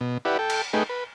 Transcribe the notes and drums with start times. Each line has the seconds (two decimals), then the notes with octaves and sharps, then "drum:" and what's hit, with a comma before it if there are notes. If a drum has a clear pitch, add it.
0.01 B2
0.25 E4 G4 B4 D5 F#5
0.39 A4 G5
0.50 drum: cymbal
0.73 A3 D#4 G#4 B4 G5
0.89 B4